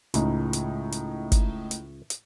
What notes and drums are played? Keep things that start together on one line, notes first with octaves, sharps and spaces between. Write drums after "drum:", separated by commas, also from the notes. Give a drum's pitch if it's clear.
C#2 A2 D#4, drum: hi-hat
drum: hi-hat
drum: hi-hat
drum: kick, hi-hat
drum: hi-hat
drum: hi-hat